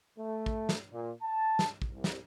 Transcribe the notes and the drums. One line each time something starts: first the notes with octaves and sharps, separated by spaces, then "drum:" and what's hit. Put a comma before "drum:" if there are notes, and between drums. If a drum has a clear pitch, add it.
A3
drum: kick
drum: snare
A#2
A5
drum: snare
drum: kick
C2
drum: snare